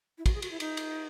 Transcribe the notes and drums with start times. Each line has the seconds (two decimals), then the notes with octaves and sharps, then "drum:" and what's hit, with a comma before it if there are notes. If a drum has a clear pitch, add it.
0.18 E4
0.26 F#4, drum: kick, cymbal
0.34 G#4
0.42 F#4, drum: cymbal
0.51 E4
0.60 D#4, drum: cymbal
0.77 drum: cymbal